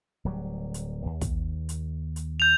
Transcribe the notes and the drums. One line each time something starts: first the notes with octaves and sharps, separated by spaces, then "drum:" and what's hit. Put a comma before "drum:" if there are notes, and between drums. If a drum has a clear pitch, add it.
D1 F#3 G3
drum: hi-hat
D#2
drum: kick, hi-hat
drum: hi-hat
drum: hi-hat
G6 F7